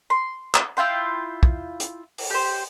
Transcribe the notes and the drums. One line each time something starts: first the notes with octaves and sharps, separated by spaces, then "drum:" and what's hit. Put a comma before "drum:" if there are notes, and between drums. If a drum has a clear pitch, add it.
C6
drum: clap
E4 F4 G5 C6
drum: kick
drum: hi-hat
drum: open hi-hat
G4 C5